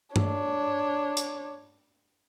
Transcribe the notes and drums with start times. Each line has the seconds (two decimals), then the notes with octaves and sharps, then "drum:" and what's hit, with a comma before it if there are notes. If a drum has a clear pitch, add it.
0.16 D4 C#5, drum: tom G2
1.17 drum: hi-hat